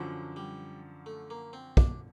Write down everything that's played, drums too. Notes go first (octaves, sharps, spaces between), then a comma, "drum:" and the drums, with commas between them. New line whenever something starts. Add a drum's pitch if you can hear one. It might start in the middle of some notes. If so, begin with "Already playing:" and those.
Already playing: F#2 D3 F3 F#3
G3
A3
A#3
C4
D4, drum: kick